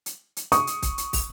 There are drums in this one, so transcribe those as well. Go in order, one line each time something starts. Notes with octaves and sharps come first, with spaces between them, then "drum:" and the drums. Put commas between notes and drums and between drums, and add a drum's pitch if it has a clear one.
drum: hi-hat
drum: hi-hat
C#6 D#6, drum: hi-hat
drum: hi-hat
drum: kick, hi-hat
drum: hi-hat
drum: kick, open hi-hat